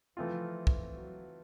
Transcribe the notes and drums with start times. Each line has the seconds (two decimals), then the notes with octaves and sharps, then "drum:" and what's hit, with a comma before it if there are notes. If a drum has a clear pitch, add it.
0.17 E3 F3 A3 C4 F4
0.67 drum: kick
0.95 F#3